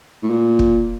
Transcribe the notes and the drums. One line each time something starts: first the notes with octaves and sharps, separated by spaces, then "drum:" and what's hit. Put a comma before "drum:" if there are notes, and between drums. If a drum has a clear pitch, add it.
A2
A#2
drum: kick